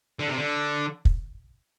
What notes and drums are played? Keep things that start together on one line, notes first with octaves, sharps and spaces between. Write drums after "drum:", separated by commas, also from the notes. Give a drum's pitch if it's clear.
D3
C3
D3
drum: kick